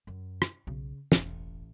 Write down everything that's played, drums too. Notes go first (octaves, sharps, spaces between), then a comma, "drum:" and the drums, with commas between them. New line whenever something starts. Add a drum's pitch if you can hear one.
F#2
drum: rim click
B1 C#3
E1 A1, drum: snare